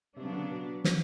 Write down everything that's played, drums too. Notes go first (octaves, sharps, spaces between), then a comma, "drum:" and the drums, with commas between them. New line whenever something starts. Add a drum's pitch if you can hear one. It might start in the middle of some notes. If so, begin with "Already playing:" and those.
C3 F#3 B3 D4
C#3
D3
C#3
B2
B2, drum: snare